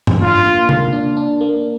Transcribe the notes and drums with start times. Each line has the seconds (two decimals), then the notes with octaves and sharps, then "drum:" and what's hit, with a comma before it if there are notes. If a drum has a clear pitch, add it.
0.07 drum: tom G2
0.21 D4 F4
0.46 A#3
0.69 A#3, drum: tom C3
0.93 D4
1.17 D4
1.41 A#3